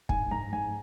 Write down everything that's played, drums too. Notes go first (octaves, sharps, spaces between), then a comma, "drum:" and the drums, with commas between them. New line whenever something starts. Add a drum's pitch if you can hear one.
G#2 G#5, drum: kick
G#2 A#5
G#2 G#5